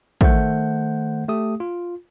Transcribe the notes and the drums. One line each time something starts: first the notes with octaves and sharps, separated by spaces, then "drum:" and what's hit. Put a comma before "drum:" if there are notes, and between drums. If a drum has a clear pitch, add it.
D#3 A3 C5 F#5 G6, drum: kick
A3 G4 D#6
F4